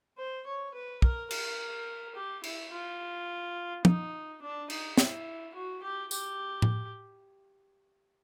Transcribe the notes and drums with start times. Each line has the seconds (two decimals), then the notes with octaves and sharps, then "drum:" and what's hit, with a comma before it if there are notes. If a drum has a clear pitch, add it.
0.17 C5
0.46 C#5
0.74 B4
1.02 A#4, drum: kick
1.31 A#4, drum: cymbal
2.15 G4
2.44 E4, drum: cymbal
2.72 F4
3.85 D#4, drum: tom
4.42 D4
4.70 D#4, drum: cymbal
4.98 E4, drum: snare
5.54 F#4
5.82 G4
6.11 G4, drum: tambourine
6.62 drum: tom A2